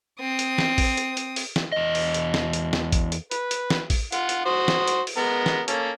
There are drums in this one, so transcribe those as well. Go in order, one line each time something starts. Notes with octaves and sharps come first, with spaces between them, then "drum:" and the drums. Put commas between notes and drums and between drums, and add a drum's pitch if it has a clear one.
C4 D#6
drum: hi-hat
drum: snare
drum: kick A1, open hi-hat
drum: hi-hat
drum: hi-hat
drum: open hi-hat
drum: snare
E2 D#5
drum: open hi-hat
drum: hi-hat
drum: snare
drum: hi-hat
drum: snare
drum: kick A1, hi-hat
drum: hi-hat
B4, drum: hi-hat
drum: hi-hat
drum: snare
drum: kick A1, open hi-hat
F4 F#5, drum: hi-hat
drum: hi-hat
F#4 C5 D#6
drum: snare
drum: hi-hat
drum: open hi-hat
G#3 B3 A#4
drum: snare
A#3 C#4 A4, drum: hi-hat